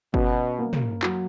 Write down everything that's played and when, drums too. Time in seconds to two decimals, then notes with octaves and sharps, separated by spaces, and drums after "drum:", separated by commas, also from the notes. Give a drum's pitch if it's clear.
0.14 B2 C#4, drum: kick G1
0.59 A#3
0.73 drum: tom
1.03 F#3, drum: clap